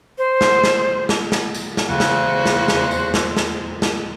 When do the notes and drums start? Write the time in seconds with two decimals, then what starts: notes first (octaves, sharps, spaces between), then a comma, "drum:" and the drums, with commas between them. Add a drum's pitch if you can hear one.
0.18 C5
0.41 drum: snare
0.64 drum: snare
1.09 drum: snare
1.32 drum: snare
1.55 drum: tambourine
1.77 drum: snare
1.89 E2 C#3 F#4 C5
2.00 drum: snare
2.46 drum: snare
2.68 drum: snare
2.91 drum: tambourine
3.14 drum: snare
3.37 drum: snare
3.82 drum: snare